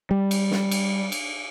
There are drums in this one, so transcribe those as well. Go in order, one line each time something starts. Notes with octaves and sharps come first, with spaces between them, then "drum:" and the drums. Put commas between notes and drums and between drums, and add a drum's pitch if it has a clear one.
G3
drum: cymbal
drum: snare
drum: cymbal
drum: cymbal